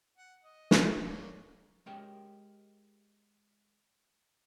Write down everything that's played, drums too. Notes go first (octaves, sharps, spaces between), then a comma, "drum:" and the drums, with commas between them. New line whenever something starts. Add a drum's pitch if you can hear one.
F#5
D#5
drum: snare
D3 A#3 C#4
G#3 G4 A#4 C#5 D#5 G5